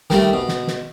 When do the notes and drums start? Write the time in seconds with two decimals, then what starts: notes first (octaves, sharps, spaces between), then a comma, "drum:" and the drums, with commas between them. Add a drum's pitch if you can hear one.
0.10 D#3 G3 A3, drum: snare
0.33 B2
0.48 drum: snare
0.67 drum: snare